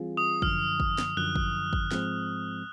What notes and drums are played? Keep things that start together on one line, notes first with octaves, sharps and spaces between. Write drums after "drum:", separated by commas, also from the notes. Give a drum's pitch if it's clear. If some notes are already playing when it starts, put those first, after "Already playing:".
Already playing: E3 G3 C4 F4 G#4
D#6
F#2 D3 F3 F6, drum: kick
drum: kick
drum: snare
F#2 D3 F3 F#6
drum: kick
drum: kick
G#2 F3 G#3 C4, drum: snare